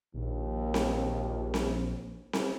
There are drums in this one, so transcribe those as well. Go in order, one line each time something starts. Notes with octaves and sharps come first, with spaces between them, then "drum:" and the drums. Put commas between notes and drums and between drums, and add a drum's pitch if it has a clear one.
A#1 D#2
drum: snare C4
drum: snare C4
drum: snare C4